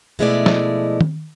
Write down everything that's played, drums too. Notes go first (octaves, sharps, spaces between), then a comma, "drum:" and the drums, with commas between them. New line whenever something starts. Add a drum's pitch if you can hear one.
B2 F3 G#3 A3 E4 D5
drum: snare
drum: tom